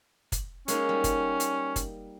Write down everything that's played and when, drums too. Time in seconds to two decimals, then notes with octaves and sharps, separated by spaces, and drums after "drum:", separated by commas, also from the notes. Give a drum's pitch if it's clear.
0.32 drum: kick, hi-hat
0.68 G#3 A#3 C#4 D#4, drum: hi-hat
0.89 G3
1.04 drum: kick, hi-hat
1.40 drum: hi-hat
1.76 drum: kick, hi-hat